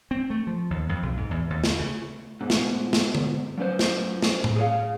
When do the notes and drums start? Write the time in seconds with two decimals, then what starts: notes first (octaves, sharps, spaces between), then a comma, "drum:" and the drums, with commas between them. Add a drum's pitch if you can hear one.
0.11 C4
0.30 A3
0.47 F3
0.70 D#2
0.89 F2
1.03 B1
1.17 G#2
1.31 E2
1.50 D#2
1.64 D2, drum: snare
1.79 C#3
2.41 G#2 B2
2.50 drum: snare
2.93 drum: snare
3.15 drum: tom D3
3.58 F#3 C#4 B4 C5
3.79 drum: snare
4.22 drum: snare
4.44 drum: tom A2
4.56 G#4 C#5 F5